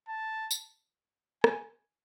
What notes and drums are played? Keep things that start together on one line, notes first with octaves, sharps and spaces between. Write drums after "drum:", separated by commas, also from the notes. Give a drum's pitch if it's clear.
A5
drum: tambourine
G#5, drum: rim click